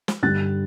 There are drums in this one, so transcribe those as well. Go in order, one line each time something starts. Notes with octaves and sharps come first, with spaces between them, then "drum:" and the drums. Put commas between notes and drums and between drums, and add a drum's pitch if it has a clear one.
drum: snare
G2 D3 G3 F#6 A6